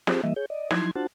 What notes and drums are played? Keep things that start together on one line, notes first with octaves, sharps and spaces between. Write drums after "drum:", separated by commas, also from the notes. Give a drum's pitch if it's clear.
C4 F4 G4 G#4 C5, drum: snare
E3 G3 A#3 D#5 E5
G#4 C#5 G6
D5 D#5
F3 F#3 D#4 E4 C6 G#6, drum: snare
D4 F4 F#4 C5 F#5 A5